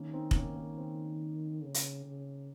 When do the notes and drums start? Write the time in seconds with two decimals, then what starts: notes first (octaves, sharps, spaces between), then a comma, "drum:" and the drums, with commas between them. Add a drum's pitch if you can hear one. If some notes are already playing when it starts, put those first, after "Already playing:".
Already playing: D#3 A#3 C#4
0.13 C4 D#4
0.31 C4, drum: kick
0.35 A#3 C#4
0.56 A#3
0.77 C4
1.63 C#3
1.74 drum: hi-hat
2.05 C#3